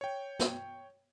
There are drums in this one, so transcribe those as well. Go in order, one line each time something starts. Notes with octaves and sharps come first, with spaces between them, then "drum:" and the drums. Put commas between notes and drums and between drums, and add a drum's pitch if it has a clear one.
C#5 G5
drum: snare